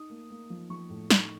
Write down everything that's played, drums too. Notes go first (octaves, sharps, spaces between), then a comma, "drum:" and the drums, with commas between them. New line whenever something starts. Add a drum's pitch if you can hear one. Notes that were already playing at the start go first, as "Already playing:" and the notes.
Already playing: D#4 D#6
A#3
A#3
F3
F3 C#6
A2
D#4, drum: snare